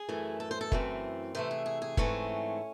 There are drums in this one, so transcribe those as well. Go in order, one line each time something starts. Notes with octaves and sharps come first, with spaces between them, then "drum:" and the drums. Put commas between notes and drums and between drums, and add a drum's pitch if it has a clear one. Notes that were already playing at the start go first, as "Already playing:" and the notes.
Already playing: G#4
F#2 E3 A3
A4
C5
A4
F#2 E3 A3 C4, drum: kick
C3 E3 A3 C5
G#4
G#4
G#4
G#2 E3 A3 C4 C#4, drum: kick